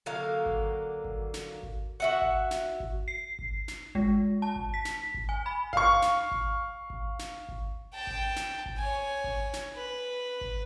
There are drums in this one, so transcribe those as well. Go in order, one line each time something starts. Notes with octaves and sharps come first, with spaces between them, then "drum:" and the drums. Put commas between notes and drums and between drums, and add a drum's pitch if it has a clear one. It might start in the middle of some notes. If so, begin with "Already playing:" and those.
D3 F#3 A#3 F5
drum: kick G#1
drum: kick G#1
drum: snare
drum: kick G#1
F#4 E5 F#5
drum: kick G#1
drum: snare
drum: kick G#1
C7
drum: kick G#1
drum: snare
G#3, drum: kick G#1
A5
drum: kick G#1
B6
drum: snare
drum: kick G#1
G#5
B5
F5 C#6, drum: kick G#1
drum: snare
drum: kick G#1
drum: kick G#1
drum: snare
drum: kick G#1
G5 A5
drum: kick G#1
drum: snare
drum: kick G#1
C#5 G#5
drum: kick G#1
drum: snare
B4
drum: kick G#1